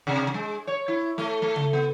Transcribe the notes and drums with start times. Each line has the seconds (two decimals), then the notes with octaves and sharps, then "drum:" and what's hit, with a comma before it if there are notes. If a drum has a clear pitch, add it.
0.07 C3
0.34 G#3
0.67 C#5
0.88 E4
1.18 A3, drum: snare
1.42 A3
1.56 drum: tom C#3
1.73 B3